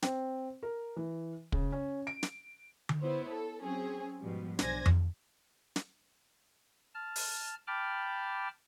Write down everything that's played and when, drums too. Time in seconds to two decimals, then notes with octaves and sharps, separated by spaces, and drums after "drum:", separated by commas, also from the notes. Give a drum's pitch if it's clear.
0.02 C4, drum: snare
0.63 A#4
0.96 E3
1.52 C#3, drum: kick
1.72 C#4
2.07 D7
2.23 drum: snare
2.89 drum: tom D3
3.00 B3 E4 C5 C#5
3.29 A4
3.62 F#3 C4 C#4 G#4
4.20 G#2 B2 F3 G3
4.59 B1 D4 C5 G#5 G#6 A#6, drum: snare
4.86 drum: tom F2
5.76 drum: snare
6.95 A5 F6
7.16 drum: open hi-hat
7.67 G5 A5 B5 D6 F6